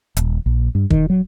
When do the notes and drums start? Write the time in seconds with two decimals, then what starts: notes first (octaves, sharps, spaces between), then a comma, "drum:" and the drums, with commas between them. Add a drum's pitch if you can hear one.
0.17 D#1, drum: hi-hat
0.46 A#1
0.75 G2
0.90 D#3, drum: kick
1.10 F#3